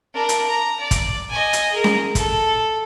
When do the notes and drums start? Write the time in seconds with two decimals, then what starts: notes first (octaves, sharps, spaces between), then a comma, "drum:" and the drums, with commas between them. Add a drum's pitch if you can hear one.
0.13 D4 A#4
0.29 drum: hi-hat
0.46 A#5
0.80 D5
0.91 drum: kick, hi-hat
1.29 D#5 G#5
1.53 drum: hi-hat
1.71 G#4 A#4
1.84 drum: snare C#4
2.15 A4, drum: kick, hi-hat